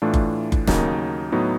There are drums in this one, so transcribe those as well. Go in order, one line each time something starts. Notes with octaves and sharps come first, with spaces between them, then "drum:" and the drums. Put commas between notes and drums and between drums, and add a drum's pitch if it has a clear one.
A2 E3 A3 D4 F4
drum: kick F#1
drum: kick F#1
D#2 C#3 F#3 A#3 D#4, drum: snare
A2 F#3 B3 D#4